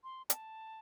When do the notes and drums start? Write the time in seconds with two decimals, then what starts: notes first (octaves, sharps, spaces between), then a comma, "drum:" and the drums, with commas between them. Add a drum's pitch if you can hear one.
0.04 C6
0.30 A5, drum: hi-hat